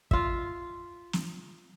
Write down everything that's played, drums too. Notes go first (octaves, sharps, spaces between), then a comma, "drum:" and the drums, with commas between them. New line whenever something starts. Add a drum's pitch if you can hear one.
F4 E5, drum: kick
drum: snare